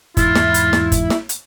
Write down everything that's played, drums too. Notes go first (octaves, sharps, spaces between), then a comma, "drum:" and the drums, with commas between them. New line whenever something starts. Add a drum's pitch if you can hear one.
E2 G#2 E4 F4, drum: kick F#1, hi-hat
drum: snare
drum: hi-hat
drum: snare
drum: kick F#1, hi-hat
drum: snare
drum: hi-hat